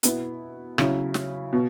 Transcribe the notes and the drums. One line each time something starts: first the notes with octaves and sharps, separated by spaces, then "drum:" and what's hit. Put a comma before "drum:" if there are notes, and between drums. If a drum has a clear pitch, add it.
B2 B3 E4, drum: hi-hat
C#3 F#3 C#4 E4, drum: rim click
drum: snare
B2